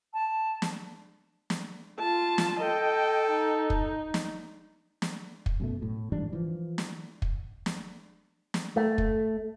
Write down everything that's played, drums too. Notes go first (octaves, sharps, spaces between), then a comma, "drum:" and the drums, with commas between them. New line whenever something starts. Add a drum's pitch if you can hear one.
A5
drum: snare
drum: snare
F4 A5
drum: snare
A4 D#5 G5
D#4
drum: kick
drum: snare
drum: snare
drum: kick
F#2 B2 A3
A2
G#2 E3 G3 D4
E3 F3
drum: snare
drum: kick
drum: snare
drum: snare
A3
drum: kick